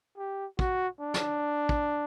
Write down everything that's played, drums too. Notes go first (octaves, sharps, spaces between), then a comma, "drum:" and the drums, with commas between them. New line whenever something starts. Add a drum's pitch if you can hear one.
G4
F#4, drum: kick
D4
drum: snare
drum: kick